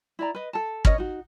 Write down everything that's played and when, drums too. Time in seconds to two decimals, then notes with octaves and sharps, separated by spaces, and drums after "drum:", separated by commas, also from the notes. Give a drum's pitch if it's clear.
0.19 E4 D5 A#5
0.35 B4 D#5
0.53 A4 A5
0.85 C#4 A#4 C#5 D#5, drum: kick
0.98 D#4 F#4